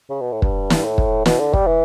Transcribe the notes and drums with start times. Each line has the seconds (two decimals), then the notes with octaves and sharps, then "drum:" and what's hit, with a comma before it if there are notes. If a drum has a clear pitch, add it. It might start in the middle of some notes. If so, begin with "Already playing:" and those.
0.10 C#3
0.21 B2
0.32 A2
0.42 G2, drum: kick
0.70 drum: snare
0.84 A2
0.98 drum: kick
1.26 B2, drum: snare
1.39 D3
1.53 G3, drum: kick
1.67 E3